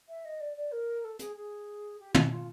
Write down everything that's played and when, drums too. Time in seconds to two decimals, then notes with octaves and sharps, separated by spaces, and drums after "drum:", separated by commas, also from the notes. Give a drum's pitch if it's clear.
0.09 E5
0.25 D#5
0.40 D5
0.56 D5
0.72 A#4
1.04 A4
1.19 G#4, drum: hi-hat
1.36 G#4
1.99 G4
2.14 E4, drum: tom
2.31 F4